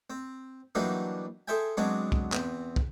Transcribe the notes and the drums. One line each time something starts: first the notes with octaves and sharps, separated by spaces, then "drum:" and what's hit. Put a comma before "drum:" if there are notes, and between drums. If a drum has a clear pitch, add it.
C4
E3 F#3 G3 A#3 D4 D#4
G#4 A4 C5 E5 G5 G#5
F#3 G#3 B3 C4 D4 G#4
drum: kick
E2 C4, drum: clap
drum: kick